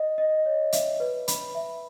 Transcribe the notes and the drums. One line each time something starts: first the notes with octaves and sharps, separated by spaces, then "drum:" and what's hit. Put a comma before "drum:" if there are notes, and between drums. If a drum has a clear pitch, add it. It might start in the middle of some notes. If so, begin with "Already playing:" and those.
Already playing: D#5
D#5
C#5
E5, drum: hi-hat
B4
B5, drum: hi-hat
E5